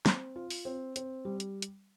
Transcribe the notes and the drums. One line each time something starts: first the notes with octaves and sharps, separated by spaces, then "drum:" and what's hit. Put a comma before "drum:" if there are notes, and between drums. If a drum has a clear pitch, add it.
C4, drum: snare
F4
drum: open hi-hat
C4
C4, drum: hi-hat
G3
drum: hi-hat
drum: hi-hat